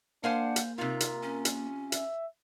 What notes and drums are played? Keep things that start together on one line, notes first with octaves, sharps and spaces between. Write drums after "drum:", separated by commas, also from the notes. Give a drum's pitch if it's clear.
A#3 D4 C5 F5 F#5 G#5
drum: hi-hat
C3 D#4 F4 A#4
drum: hi-hat
C#4
drum: hi-hat
E5, drum: hi-hat